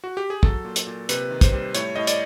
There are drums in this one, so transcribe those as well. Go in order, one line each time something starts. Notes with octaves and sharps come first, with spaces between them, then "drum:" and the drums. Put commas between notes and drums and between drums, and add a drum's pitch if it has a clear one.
F#4
G4
G#4
F#3 A4, drum: kick
A#2
drum: hi-hat
A#2
C3 B4, drum: hi-hat
D#3
C5, drum: kick, hi-hat
G3
A2 C#5, drum: hi-hat
A2 D#5
D5, drum: hi-hat